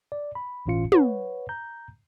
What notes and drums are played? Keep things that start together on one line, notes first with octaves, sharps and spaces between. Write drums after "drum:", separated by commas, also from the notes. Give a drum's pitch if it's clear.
D5
B5
G1 A2 E3 C#4 F4 C#7
B4 C#5 F#5, drum: tom
A#5 G6